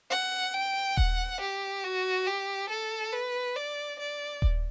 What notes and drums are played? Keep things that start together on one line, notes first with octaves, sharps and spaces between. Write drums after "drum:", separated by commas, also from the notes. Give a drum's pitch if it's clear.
F#5
G5
F#5, drum: kick D#1
G4
F#4
G4
A4
B4
D5
D5
drum: kick D#1